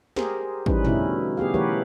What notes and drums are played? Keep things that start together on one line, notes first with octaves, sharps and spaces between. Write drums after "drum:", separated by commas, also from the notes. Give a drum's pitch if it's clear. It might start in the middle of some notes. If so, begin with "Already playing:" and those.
G4 G#4 A#4 C5, drum: snare
E3 G3 C#4 D#4 B4, drum: kick
B2 D3 A3 C#4 D#4 E4, drum: tom
B3 G4 G#4 F5
E3 A3 G4 A#4 B4 C#5